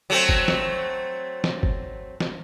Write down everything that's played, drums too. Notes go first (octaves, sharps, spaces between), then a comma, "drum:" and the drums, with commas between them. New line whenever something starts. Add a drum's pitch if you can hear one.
F#3 A3 C4
drum: kick G1
drum: snare
drum: snare
drum: kick G1
drum: snare